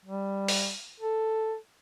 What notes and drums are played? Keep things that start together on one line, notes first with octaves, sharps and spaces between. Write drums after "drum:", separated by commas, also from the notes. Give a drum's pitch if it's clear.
G3
drum: open hi-hat
A4